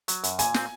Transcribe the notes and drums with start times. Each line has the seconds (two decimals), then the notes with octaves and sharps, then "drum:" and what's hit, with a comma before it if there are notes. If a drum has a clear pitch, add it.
0.08 F#3, drum: hi-hat
0.24 F#2, drum: hi-hat
0.39 A#2 G#5, drum: hi-hat
0.54 C4, drum: snare